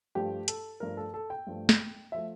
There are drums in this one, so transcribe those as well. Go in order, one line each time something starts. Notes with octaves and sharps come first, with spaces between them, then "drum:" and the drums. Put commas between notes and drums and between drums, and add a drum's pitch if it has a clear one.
G2 F3 A3 G4
A4, drum: hi-hat
G2 F3 A3 A#4
A4
A4
G5
G2 F3 A3
drum: snare
F3 A3 E5